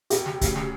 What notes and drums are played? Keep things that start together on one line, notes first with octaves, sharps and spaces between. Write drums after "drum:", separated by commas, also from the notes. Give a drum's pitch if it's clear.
E1 G4, drum: hi-hat
drum: snare
D2 C#3, drum: kick C#1, hi-hat
drum: snare